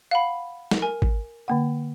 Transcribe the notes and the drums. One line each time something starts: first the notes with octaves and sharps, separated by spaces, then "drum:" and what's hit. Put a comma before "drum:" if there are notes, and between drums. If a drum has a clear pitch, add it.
F5 F#5 B5
drum: snare
A#4 G#5
drum: kick G#1
D3 A#3 F#5